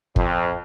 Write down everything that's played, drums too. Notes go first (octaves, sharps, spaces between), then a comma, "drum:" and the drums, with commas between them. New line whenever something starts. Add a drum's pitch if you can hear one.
F2, drum: kick